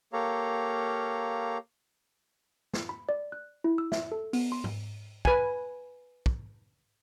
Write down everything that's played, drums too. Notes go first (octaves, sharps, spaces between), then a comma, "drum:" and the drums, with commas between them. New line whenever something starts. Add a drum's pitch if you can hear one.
A#3 G4 A4 C#5 F5 A#5
drum: snare
B5
D5
F#6
E4
E6
E5, drum: snare
A4
B3, drum: open hi-hat
C6
drum: tom G#2
B4 G#5, drum: kick
drum: kick